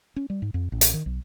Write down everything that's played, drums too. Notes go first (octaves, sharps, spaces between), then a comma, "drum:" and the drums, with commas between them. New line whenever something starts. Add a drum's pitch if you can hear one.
C#4
G3
G#2
F2
A1
drum: hi-hat
D#3
B1